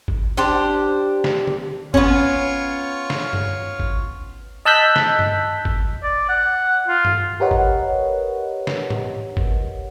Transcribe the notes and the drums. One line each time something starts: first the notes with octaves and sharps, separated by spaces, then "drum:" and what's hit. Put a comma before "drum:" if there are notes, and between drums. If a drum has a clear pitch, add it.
drum: kick
D4 G4 C5
drum: snare
drum: tom D3
B3 C#4 F4 C#5, drum: kick
drum: snare
drum: tom G2
drum: kick
D#5 A5 E6 F#6 G6 B6
drum: snare
drum: tom G2
drum: kick
D5
F#5
F4
drum: tom G2
G4 A#4 B4 C#5 D#5 F#5
drum: kick
drum: snare
drum: tom G#2
drum: kick